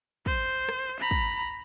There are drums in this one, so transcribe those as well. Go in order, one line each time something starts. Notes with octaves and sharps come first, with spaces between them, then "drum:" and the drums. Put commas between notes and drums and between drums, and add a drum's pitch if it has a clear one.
C5, drum: kick
drum: rim click
A#5 B5
drum: kick